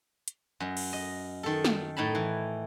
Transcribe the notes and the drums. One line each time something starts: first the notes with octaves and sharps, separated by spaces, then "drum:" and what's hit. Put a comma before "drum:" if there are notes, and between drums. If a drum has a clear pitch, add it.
drum: hi-hat
F#2 D#5
drum: cymbal
D#5
D#3 A4
drum: snare
A2 D#4 A5 B5
E3